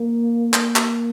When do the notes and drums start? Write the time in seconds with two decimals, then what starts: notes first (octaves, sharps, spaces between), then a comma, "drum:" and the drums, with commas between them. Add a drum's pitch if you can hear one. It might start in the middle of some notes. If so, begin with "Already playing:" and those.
Already playing: A#3
0.54 A#3, drum: clap
0.76 drum: clap